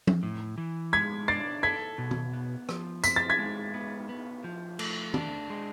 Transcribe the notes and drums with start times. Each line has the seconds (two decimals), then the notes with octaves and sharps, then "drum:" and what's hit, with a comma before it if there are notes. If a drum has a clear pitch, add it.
0.07 drum: tom F3
0.23 A2
0.58 E3
0.93 G#3 G#6 B6
1.28 D4 A6 C7
1.63 A4 G#6 B6
1.98 B2
2.11 drum: tom
2.33 B3
2.69 F3, drum: rim click
3.04 C4 B6, drum: tambourine
3.16 A6
3.29 G#6 B6
3.39 G#3
3.74 B3
4.09 B3
4.44 F3
4.79 A3, drum: cymbal
5.14 D4, drum: tom
5.50 G#3